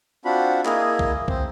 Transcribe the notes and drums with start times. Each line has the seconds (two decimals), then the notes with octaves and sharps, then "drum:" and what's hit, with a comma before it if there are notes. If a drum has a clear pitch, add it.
0.25 C4 D4 F4 F#4 B5
0.65 A#3 E4 G#4 D#5, drum: clap
0.99 drum: kick
1.28 C4, drum: kick